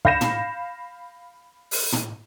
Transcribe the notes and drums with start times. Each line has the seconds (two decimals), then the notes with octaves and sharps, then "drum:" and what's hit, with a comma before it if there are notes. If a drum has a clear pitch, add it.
0.05 F5 B5 G6 A#6 C#7 E7, drum: kick
0.21 drum: tom
1.71 drum: open hi-hat
1.92 drum: tom